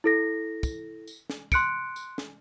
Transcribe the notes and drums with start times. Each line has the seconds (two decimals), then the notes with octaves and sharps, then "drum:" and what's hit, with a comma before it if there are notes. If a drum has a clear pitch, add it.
0.04 E4 A4 A#6
0.63 drum: kick, tambourine
1.07 drum: tambourine
1.30 drum: snare
1.52 C6 F#6 C#7 D7, drum: kick, tambourine
1.96 drum: tambourine
2.18 drum: snare